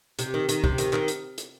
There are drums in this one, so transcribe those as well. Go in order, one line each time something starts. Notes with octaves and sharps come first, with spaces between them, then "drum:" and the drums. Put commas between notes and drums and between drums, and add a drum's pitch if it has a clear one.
C3, drum: hi-hat
D#3
D#3, drum: hi-hat
C3, drum: kick
D#3, drum: hi-hat
D#3, drum: clap
drum: hi-hat
drum: hi-hat